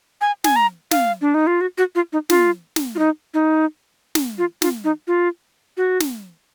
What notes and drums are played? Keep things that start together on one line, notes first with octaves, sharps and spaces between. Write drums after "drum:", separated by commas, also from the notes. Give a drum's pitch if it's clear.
G#5
G#5, drum: snare
A#5
F5, drum: snare
D4
D#4
F4
F#4
F#4
F4
D#4
F4, drum: snare
drum: snare
F4
D#4
D#4
drum: snare
F4
F4, drum: snare
D#4
F4
F#4
drum: snare